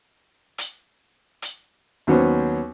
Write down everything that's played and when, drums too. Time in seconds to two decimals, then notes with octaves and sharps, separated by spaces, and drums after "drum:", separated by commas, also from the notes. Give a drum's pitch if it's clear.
0.58 drum: hi-hat
1.42 drum: hi-hat
2.07 D#2 F#3 B3 C#4 C5